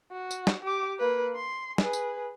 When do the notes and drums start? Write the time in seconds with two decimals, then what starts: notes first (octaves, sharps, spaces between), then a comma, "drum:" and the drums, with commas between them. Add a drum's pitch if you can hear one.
0.11 F#4
0.31 drum: tambourine
0.47 drum: snare
0.63 G4 D6
0.99 A#3 B4
1.35 C6
1.78 G#4 B4, drum: snare
1.93 drum: tambourine